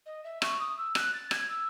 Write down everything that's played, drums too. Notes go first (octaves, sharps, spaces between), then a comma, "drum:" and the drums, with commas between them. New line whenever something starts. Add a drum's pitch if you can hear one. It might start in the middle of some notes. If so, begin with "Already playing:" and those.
D#5
E5
C#6, drum: rim click
D#6
E6
F#6, drum: rim click
A6
G#6, drum: rim click
E6